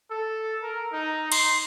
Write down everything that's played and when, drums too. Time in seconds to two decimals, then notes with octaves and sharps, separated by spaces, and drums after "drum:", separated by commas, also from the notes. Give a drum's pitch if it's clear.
0.11 A4
0.62 A#4
0.93 D#4
1.32 C6, drum: cymbal